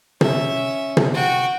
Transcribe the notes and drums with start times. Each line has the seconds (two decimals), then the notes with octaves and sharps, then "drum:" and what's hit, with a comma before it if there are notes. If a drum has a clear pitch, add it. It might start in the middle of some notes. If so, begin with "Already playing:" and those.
0.21 C#4 E5, drum: tom
0.97 drum: tom
1.14 F#4 G5